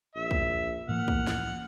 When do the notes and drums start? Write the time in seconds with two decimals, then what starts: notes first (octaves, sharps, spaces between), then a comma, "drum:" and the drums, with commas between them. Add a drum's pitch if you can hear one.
0.16 A#1 E5
0.31 drum: kick
0.89 A2 E3 F3 A#3 F#5 F6
1.08 drum: kick
1.27 drum: snare